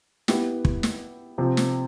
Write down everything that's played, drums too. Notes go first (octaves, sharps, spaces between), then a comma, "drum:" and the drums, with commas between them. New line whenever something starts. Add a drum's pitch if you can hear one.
B3 E4 G4, drum: snare
drum: kick
drum: snare
C3 F3 C4
drum: snare